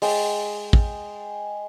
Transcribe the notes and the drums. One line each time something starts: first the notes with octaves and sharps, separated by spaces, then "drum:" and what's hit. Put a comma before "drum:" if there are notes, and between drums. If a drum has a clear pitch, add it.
G#3 G5, drum: open hi-hat
drum: kick